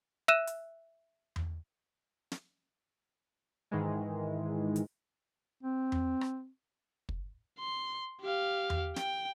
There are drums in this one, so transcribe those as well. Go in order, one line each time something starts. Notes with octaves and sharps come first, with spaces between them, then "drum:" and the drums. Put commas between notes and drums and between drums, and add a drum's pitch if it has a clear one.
E5 E6 F#6 D#7 E7
drum: hi-hat
drum: tom E2
drum: snare
G#2 D#3 E3 G#3
drum: hi-hat
C4
drum: tom E2
drum: rim click
drum: kick
C6
G4 F5
drum: tom E2
G5, drum: snare